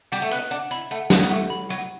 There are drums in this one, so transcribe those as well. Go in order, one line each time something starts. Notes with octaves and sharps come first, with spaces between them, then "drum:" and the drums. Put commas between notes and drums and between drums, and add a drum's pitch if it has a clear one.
G3 F#5
A3
B3 F#6, drum: hi-hat
D4 F#5
E4 B5
A3 F#5
B3 F#6, drum: snare
B3
A3 F#5
B5
F#3 F#5